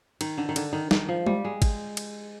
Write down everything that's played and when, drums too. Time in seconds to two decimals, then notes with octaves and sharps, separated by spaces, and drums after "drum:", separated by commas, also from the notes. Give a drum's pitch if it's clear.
0.21 D#3, drum: cymbal
0.38 D3
0.49 D#3
0.56 D3, drum: cymbal
0.73 D#3
0.91 D#3, drum: snare
1.08 F3
1.27 G3, drum: tom G#3
1.45 G#3
1.62 drum: kick G#1, cymbal
1.97 drum: cymbal